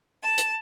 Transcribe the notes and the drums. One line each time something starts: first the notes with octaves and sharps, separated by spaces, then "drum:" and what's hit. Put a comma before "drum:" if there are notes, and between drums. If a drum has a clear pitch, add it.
A5
drum: hi-hat